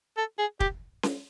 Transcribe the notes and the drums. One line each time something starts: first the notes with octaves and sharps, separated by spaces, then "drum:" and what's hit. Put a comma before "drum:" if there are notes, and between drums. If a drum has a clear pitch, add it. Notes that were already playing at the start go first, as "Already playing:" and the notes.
A4
G#4
G4, drum: kick
drum: snare C#4